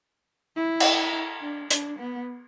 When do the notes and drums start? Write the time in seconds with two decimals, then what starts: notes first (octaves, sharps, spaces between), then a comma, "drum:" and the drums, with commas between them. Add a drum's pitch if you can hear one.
0.56 E4
0.80 drum: cymbal
1.42 D4
1.70 D4, drum: hi-hat
1.99 B3